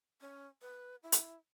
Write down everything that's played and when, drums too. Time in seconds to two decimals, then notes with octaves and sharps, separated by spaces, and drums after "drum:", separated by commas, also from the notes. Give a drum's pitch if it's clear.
0.21 C#4
0.62 B4
1.03 E4
1.12 drum: hi-hat